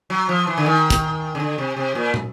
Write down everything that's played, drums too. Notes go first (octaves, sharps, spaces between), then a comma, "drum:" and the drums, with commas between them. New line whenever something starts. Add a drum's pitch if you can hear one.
F#3
F3
E3
D3
D#3
drum: kick, hi-hat
C#3
D3
C3
C3
A#2
drum: tom